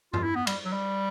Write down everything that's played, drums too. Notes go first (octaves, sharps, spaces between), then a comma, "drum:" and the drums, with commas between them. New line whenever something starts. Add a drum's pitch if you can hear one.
F4, drum: tom G2
E4
B3
G3, drum: cymbal
F#3
G3